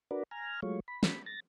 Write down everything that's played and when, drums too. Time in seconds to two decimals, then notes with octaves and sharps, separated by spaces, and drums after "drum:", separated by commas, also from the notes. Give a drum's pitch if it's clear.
0.11 D4 F#4 A#4 B4 D5
0.31 G#5 A#5 F6
0.62 F#3 G#3 A3 F4 C#5
0.88 B5
1.03 drum: snare
1.26 A6 A#6